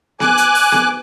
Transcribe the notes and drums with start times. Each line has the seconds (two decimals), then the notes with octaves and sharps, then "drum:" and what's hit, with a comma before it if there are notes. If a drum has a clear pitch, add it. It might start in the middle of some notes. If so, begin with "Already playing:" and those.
0.20 G#5 D6 F#6, drum: snare B3
0.37 drum: hi-hat
0.55 drum: open hi-hat
0.72 drum: snare B3